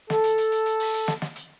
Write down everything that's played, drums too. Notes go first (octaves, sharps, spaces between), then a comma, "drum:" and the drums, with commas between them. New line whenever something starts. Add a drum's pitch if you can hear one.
A4, drum: snare
drum: hi-hat
drum: hi-hat
drum: hi-hat
drum: hi-hat
drum: open hi-hat
drum: hi-hat
drum: snare
drum: snare
drum: hi-hat